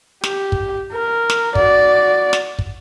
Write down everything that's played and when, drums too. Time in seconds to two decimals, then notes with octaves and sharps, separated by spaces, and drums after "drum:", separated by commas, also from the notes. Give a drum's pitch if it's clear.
0.24 G4, drum: snare
0.52 drum: kick
0.92 A#4
1.30 drum: snare
1.55 F#4 D5, drum: kick
2.33 drum: snare
2.59 drum: kick